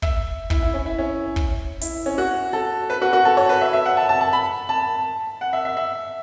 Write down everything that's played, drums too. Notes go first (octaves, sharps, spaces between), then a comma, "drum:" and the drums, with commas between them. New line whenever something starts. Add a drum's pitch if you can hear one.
E5, drum: kick
E4, drum: kick
E4
C#4
E4
C#4
drum: kick
E4, drum: hi-hat
C#4
F#4
A4
B4
F#4
F#4
A4
C#5
B4
E5
E5
F#5
A5
A5
A5
B5
A5
F#5
E5
E5
E5